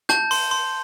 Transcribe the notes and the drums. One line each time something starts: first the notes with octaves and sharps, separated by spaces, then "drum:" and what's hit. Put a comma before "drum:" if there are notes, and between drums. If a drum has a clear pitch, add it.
A5 G6, drum: rim click
C6, drum: open hi-hat
C6